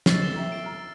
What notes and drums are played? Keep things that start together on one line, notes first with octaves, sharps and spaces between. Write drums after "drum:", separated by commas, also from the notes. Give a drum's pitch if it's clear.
C#5 D#5 E6 A6 C7, drum: snare
B3 A4 A6 E7 G7
E5 G5 A#5
D7
A#5 F6